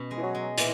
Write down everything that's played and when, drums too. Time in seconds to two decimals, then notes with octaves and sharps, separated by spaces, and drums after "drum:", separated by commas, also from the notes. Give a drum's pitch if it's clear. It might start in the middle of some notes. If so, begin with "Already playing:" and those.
Already playing: B2 C#4
0.11 G#3
0.17 E3
0.22 F#3
0.35 G#3
0.58 A#2 E3, drum: hi-hat